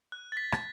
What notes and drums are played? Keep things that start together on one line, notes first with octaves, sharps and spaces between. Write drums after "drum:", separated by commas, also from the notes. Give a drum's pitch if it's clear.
F#6
A6
F#6 B6
drum: rim click